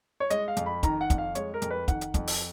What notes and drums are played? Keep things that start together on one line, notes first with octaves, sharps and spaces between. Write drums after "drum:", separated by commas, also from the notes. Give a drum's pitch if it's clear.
C#5
G#3 D#5, drum: hi-hat
F5
F2, drum: hi-hat
B5
D#3 A#5, drum: kick, hi-hat
F#5
F2, drum: kick, hi-hat
F5
G#3 C#5, drum: hi-hat
A#4
F2, drum: hi-hat
B4
D#3 F#5, drum: kick, hi-hat
drum: hi-hat
F2, drum: kick, hi-hat
drum: open hi-hat